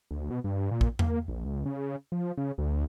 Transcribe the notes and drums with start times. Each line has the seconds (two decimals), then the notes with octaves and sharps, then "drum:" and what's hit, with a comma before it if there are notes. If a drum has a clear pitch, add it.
0.11 D2
0.30 B2
0.44 G2
0.71 A#2
0.81 drum: kick
0.99 A#3, drum: tom E2
1.28 A#1
1.45 C#2
1.66 C#3
2.12 F3
2.38 C#3
2.58 D2